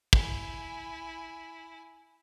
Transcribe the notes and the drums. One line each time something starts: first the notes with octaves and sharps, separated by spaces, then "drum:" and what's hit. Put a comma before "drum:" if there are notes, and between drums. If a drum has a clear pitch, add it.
E4 G#5, drum: kick